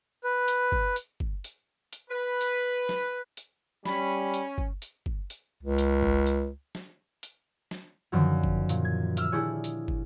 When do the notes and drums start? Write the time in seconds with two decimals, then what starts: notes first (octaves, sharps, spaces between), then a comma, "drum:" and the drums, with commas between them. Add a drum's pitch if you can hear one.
0.24 B4
0.48 drum: hi-hat
0.72 drum: kick
0.96 drum: hi-hat
1.20 drum: kick
1.44 drum: hi-hat
1.93 drum: hi-hat
2.10 B4
2.41 drum: hi-hat
2.89 drum: snare
3.37 drum: hi-hat
3.85 G3 C#4 B5, drum: snare
4.34 drum: hi-hat
4.58 drum: kick
4.82 drum: hi-hat
5.06 drum: kick
5.30 drum: hi-hat
5.63 C#2
5.78 drum: hi-hat
6.02 drum: kick
6.27 drum: hi-hat
6.75 drum: snare
7.23 drum: hi-hat
7.71 drum: snare
8.12 F#2 D3 D#3 F3 F#3
8.44 drum: kick
8.69 A#2, drum: hi-hat
8.85 G#6
9.17 E5 E6 F6, drum: hi-hat
9.32 D4 E4 G4 G#4 C#5 G#5
9.64 drum: hi-hat
9.88 drum: kick